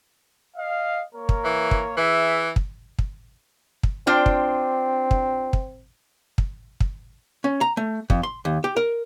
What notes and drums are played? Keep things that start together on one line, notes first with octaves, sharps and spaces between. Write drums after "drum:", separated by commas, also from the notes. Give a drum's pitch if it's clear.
D#5 F5
A#3 A#4 C#5
drum: kick
E3
drum: kick
E3 G#4 E5
drum: kick
drum: kick
drum: kick
C4 D4 F4 G5
drum: kick
drum: kick
drum: kick
drum: kick
drum: kick
C#4
A#5
A3
F2, drum: kick
C6
D#2
G4
A#4